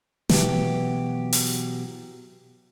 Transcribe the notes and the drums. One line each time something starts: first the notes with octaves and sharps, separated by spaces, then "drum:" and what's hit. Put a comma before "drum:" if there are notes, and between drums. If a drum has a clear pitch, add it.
B2 E3 F#3 G4, drum: snare
drum: open hi-hat